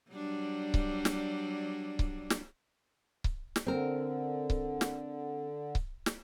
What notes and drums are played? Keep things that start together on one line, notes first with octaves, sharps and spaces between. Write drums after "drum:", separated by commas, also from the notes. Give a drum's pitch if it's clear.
F#3 G3 D4
drum: kick C#1
drum: snare
drum: kick C#1
drum: snare
drum: kick C#1
drum: snare
D3 C4 A#4
drum: kick C#1
drum: snare
drum: kick C#1
drum: snare